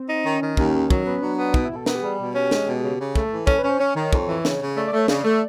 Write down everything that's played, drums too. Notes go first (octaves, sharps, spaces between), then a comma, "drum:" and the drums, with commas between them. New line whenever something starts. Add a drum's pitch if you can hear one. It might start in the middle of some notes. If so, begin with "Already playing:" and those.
Already playing: C4
D#4
D#3 C#4
D#3
D#2 C#4, drum: kick
D#3
F#3, drum: kick
B3
F#3 D4
B3
B2 D#4, drum: kick
B2 E4
A4
B3 A#4, drum: snare
G4
G3 G#4
B2 G4
C#4
G#3, drum: snare
B2
C#3
C#3
A3 A4, drum: kick
E3
C#4 A4, drum: kick
C#4 B4
C5
C#4 C#5
D#3
F2, drum: kick
E3
C#3, drum: snare
C#3
A3 D5
A3 D5
C#5
C#3 D5, drum: snare
A3